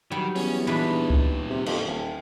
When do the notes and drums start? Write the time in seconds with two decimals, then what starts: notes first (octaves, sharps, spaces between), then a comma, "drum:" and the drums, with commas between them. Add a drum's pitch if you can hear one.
0.11 D#3 F#3 G3
0.36 E2 C#4, drum: open hi-hat
0.67 A#2 E3 D4 D#4 B4
1.10 drum: kick C#2
1.50 C3
1.66 F2, drum: cymbal
1.86 D#1